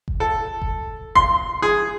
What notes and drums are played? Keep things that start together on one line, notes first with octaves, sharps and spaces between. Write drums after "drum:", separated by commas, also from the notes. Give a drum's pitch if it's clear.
drum: kick F#1
A4
drum: kick F#1
C6, drum: kick F#1
G#4